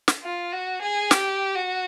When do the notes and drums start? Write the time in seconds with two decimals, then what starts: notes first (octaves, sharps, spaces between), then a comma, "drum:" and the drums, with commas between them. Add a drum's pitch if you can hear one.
0.08 drum: snare
0.23 F4
0.53 F#4
0.82 G#4
1.11 G4, drum: snare
1.55 F#4